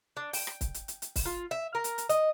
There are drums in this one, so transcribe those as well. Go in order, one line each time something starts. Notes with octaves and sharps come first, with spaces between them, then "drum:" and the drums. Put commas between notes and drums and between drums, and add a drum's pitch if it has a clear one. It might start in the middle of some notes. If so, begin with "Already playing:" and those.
D4
G5, drum: open hi-hat
drum: rim click
drum: kick, hi-hat
drum: hi-hat
drum: hi-hat
drum: hi-hat
drum: kick, open hi-hat
F4
E5
A#4
drum: hi-hat
drum: hi-hat
D#5, drum: hi-hat